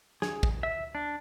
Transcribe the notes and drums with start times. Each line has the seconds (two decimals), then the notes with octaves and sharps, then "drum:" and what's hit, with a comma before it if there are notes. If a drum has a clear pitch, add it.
0.22 G#4, drum: snare
0.43 drum: kick
0.63 E5
0.95 D4